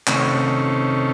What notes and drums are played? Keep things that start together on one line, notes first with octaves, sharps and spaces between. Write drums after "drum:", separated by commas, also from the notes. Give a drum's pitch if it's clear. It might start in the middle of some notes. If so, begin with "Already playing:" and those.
C3 D#3 A3 C#4, drum: clap